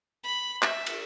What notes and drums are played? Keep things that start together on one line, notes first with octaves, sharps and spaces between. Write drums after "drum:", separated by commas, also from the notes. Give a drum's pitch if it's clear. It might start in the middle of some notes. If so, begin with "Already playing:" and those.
B5
E5, drum: clap
drum: cymbal